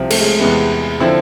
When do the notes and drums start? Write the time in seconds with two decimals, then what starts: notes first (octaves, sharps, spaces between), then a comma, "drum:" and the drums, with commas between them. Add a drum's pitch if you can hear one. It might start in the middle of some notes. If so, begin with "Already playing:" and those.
Already playing: C2 C3 F3
0.10 A3, drum: cymbal
0.20 G#3
0.40 E2 C3 E3 G#3 B3
1.00 D3 F3 C4 E4